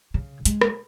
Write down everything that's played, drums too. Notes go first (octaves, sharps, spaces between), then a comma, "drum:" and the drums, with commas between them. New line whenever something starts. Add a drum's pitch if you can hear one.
C#3
G#3, drum: hi-hat
drum: rim click